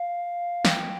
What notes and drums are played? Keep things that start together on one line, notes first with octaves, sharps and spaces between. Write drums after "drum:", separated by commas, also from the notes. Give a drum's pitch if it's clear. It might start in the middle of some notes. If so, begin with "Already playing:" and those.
Already playing: F5
G5, drum: snare